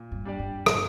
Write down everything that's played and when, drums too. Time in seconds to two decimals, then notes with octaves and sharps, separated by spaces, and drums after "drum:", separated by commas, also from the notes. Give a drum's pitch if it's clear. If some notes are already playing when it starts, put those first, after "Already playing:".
Already playing: A#2
0.12 G2
0.25 G3 D4 G4 D5
0.39 G2
0.66 A#2, drum: rim click